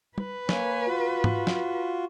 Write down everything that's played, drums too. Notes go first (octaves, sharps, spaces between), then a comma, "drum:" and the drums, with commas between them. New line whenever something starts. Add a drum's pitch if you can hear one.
B4, drum: tom
A#3 C#5 G#5, drum: snare
F4 F#4
drum: tom G#2
drum: snare